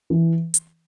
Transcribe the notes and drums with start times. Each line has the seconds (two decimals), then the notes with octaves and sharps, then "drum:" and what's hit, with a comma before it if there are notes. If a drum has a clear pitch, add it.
0.10 E3
0.54 drum: hi-hat